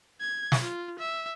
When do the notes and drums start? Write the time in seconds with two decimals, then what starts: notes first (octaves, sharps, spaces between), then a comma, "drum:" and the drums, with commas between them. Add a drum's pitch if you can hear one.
0.21 G#6
0.52 drum: snare
0.62 F4
0.99 E5